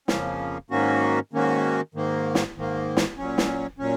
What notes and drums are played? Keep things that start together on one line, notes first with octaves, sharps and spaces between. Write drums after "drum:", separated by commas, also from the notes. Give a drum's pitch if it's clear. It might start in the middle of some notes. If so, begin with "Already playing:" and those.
F2 C#3 F3 A#3 C#4, drum: snare
G#2 D#3 A#3 C#4 F#4
G#2 D#3 A#3 C#4 F#4
G#2 D#3 A#3
drum: snare
G#2 D#3 A#3
drum: snare
A#2 F#3 C#4
drum: snare
A#2 F#3 C#4